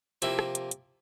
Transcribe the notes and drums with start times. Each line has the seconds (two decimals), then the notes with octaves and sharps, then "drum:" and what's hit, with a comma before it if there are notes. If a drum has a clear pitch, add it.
0.22 C3 F3 A#3 E4, drum: hi-hat
0.39 drum: rim click
0.55 drum: hi-hat
0.71 drum: hi-hat